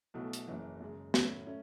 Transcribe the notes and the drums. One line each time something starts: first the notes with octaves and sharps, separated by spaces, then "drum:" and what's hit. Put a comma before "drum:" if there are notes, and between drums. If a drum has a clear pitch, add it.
B1 B2 A3 E4
drum: hi-hat
F#1 F#2 E3
F#2 C#3 G#3
A2 F#3 C#4, drum: snare
A3 C#4